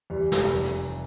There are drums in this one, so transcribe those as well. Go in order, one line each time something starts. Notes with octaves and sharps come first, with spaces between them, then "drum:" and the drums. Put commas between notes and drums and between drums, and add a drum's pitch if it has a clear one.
E2 G3
F1, drum: snare
drum: hi-hat